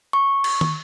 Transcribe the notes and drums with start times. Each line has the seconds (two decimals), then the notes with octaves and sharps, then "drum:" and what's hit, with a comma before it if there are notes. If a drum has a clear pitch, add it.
0.13 C#6
0.44 drum: cymbal
0.61 drum: tom